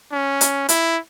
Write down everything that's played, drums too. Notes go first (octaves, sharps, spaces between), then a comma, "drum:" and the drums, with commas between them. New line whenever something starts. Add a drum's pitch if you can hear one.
C#4
drum: hi-hat
E4, drum: hi-hat